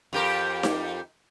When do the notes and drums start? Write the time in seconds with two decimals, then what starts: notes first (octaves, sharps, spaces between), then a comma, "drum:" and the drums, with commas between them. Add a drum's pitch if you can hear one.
0.13 F2 G4 A#4
0.63 drum: snare D#4